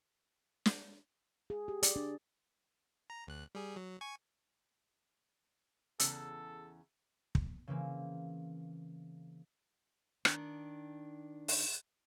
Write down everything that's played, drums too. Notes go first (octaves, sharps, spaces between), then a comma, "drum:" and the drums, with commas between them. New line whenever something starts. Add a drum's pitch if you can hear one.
drum: snare
G#4
G4
D5, drum: hi-hat
D4
A#5
D2 F#6
G3 G#4
F#3
G#5 C#6 G#6
E2 G#2 C#3 A4 E6, drum: hi-hat
drum: kick
C#3 E3 A#3 C4
D#3 D4, drum: rim click
drum: open hi-hat